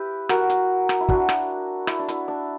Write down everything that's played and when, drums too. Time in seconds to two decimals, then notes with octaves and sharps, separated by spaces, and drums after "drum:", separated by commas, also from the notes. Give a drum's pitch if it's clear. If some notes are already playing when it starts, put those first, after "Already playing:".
Already playing: E4 G4 B4
0.29 F#4 A#4, drum: rim click
0.50 drum: hi-hat
0.89 drum: rim click
1.01 E4
1.09 D4 F#4, drum: kick
1.29 drum: rim click
1.87 E4, drum: rim click
1.99 D4
2.08 E4, drum: hi-hat
2.28 D4